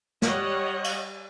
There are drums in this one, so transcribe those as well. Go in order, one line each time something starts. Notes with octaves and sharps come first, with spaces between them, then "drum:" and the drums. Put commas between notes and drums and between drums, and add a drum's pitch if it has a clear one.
G3 C#5 D#5 F#5, drum: snare
drum: cymbal